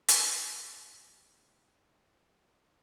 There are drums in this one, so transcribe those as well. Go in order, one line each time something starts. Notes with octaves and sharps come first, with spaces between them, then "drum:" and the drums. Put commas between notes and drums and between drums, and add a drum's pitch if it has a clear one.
G4 A5, drum: hi-hat